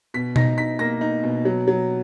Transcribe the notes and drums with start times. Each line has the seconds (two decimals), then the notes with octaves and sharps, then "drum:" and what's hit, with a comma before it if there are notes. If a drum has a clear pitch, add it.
0.14 B2 B6
0.36 D#4 A#6, drum: tom B2
0.58 D#4 B6
0.79 A#3 A#6
1.01 D#4
1.23 B2
1.45 F#3
1.68 F#3